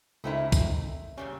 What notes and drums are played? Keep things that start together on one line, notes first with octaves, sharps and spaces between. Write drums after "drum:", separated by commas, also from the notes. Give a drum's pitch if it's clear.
C#2 A3 C4 D#4 E4 A#4
drum: kick, tambourine
A#2 C#3 G3 C#4